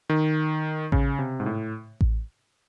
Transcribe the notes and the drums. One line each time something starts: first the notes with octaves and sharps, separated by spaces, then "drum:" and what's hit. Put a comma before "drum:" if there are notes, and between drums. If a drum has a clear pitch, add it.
D#3
C#3, drum: kick A1
C3
G#2
A2
drum: kick A1